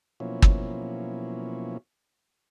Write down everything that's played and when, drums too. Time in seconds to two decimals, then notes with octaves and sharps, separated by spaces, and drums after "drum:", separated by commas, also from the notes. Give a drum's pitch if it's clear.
0.20 B2 F3 F#3 A#3 C#4 E4
0.42 drum: kick